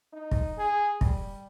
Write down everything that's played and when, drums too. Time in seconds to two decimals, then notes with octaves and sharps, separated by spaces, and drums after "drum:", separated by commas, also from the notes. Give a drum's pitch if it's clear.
0.13 D#4
0.31 drum: kick
0.58 G#4
1.01 G3, drum: kick